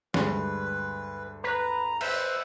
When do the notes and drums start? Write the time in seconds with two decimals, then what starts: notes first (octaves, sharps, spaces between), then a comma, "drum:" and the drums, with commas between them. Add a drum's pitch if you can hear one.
0.14 D2 G2 G#3 B4, drum: snare
1.44 B4 A#5
2.01 B4 C5 E5, drum: cymbal